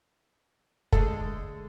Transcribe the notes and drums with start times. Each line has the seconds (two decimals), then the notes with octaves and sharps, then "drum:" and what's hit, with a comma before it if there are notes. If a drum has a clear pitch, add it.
0.93 D3 G#3 A3 A4, drum: kick